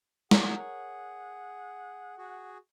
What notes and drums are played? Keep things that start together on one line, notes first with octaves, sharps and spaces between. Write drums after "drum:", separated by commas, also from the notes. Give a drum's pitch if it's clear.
G#4 A#4 C#5 F#5, drum: snare
F#4 G#4